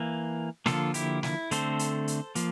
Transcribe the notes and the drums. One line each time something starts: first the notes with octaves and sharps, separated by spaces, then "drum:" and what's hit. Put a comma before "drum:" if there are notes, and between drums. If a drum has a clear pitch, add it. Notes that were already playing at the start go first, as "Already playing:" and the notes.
Already playing: E3 A#3
D3 F3 A#3 F4 A4, drum: snare
E4 G4, drum: hi-hat
E4, drum: snare
D3 A3 C4 A4 C5, drum: hi-hat
drum: hi-hat
drum: hi-hat
F3 A#3, drum: hi-hat